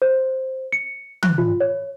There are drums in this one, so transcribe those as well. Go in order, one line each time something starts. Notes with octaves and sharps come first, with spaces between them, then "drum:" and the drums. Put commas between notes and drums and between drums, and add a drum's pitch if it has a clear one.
C5
C#7
F#6, drum: tom
F4
C#5